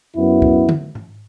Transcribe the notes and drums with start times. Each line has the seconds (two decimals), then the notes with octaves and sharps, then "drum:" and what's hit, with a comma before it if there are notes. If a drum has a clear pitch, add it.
0.16 F#2 F#3 B3 E4
0.42 drum: kick C#2
0.69 drum: tom D3
0.95 drum: tom G#2